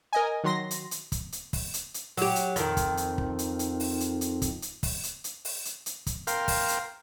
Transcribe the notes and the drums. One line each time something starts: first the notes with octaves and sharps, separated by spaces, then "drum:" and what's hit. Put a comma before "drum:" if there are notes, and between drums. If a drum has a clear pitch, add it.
A#4 D#5 G#5
D#3 F#3 C6 A#6
drum: hi-hat
drum: hi-hat
drum: kick, hi-hat
drum: hi-hat
drum: kick, open hi-hat
drum: hi-hat
drum: hi-hat
F#3 G4, drum: open hi-hat
drum: hi-hat
F2 D#3, drum: hi-hat
drum: kick, hi-hat
drum: hi-hat
drum: kick
drum: hi-hat
drum: hi-hat
drum: open hi-hat
drum: hi-hat
drum: hi-hat
drum: kick, hi-hat
drum: hi-hat
drum: kick, open hi-hat
drum: hi-hat
drum: hi-hat
drum: open hi-hat
drum: hi-hat
drum: hi-hat
drum: kick, hi-hat
A#4 F5 G5 C6, drum: hi-hat
drum: kick, open hi-hat
drum: hi-hat